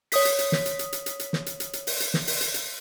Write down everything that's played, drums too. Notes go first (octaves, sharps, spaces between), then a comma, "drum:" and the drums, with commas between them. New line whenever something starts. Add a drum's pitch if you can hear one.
C#5 D#6 B6, drum: open hi-hat
drum: hi-hat
drum: hi-hat
drum: snare
drum: hi-hat
drum: hi-hat
drum: hi-hat
drum: hi-hat
drum: hi-hat
drum: snare
drum: hi-hat
drum: hi-hat
drum: hi-hat
drum: open hi-hat
drum: hi-hat
drum: snare
drum: open hi-hat
drum: hi-hat
drum: hi-hat